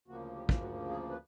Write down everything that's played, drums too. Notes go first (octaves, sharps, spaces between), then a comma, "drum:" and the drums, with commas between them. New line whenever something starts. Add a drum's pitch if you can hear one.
D2 C#3 F3 A#3 F#4
G4
drum: kick
F#4
G#4
B4